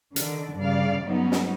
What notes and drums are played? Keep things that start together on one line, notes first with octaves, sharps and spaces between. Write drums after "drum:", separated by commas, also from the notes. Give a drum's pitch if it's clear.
D3 D#3 D4, drum: hi-hat
G2 C#3 D5 F5
G2 F#3 G#3 B3 C#4 D#4
drum: snare